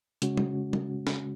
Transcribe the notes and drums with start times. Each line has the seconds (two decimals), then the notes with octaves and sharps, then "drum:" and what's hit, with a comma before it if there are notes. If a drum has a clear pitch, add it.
0.22 C#3 G#3 C#4 F#4, drum: hi-hat
0.37 drum: tom
0.73 drum: tom
1.07 drum: snare